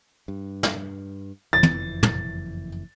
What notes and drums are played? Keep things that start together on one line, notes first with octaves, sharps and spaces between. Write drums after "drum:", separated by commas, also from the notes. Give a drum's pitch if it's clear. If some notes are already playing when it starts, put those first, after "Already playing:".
G2
drum: snare
F#1 F2 E3 A6
drum: tom
drum: tom